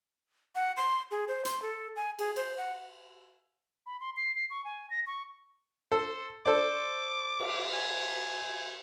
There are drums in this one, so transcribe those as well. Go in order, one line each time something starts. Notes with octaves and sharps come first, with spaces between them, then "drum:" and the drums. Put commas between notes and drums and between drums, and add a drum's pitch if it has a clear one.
F#5
C6
G#4
C5
C6, drum: hi-hat
A4
G#5
G#4, drum: cymbal
C5, drum: cymbal
F#5
B5
C6
C7
C7
C#6
G#5
A#6
C#6
A4 C5
A4 C5 D5 D6
drum: cymbal
G#5